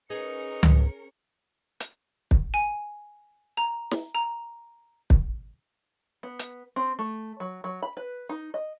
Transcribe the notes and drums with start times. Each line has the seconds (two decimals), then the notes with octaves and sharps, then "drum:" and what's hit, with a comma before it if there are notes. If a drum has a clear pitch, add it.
0.10 C#4 D#4 G#4 A#4 B4 C#7
0.63 drum: tom C#2
1.80 drum: hi-hat
2.31 drum: kick
2.54 G#5
3.57 A#5
3.91 drum: snare
4.15 A#5
5.10 drum: kick
6.23 B3
6.39 drum: hi-hat
6.76 C4
6.99 A3
7.40 F#3
7.64 F#3
7.82 B5
7.97 B4
8.29 D#4
8.54 D#5